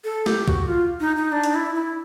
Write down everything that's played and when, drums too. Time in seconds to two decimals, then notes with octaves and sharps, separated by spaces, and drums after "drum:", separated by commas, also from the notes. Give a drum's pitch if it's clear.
0.04 A4
0.26 G4, drum: snare
0.48 F#4, drum: kick B1
0.68 F4
1.00 D#4
1.16 D#4
1.32 D4
1.43 drum: hi-hat
1.54 E4
1.75 E4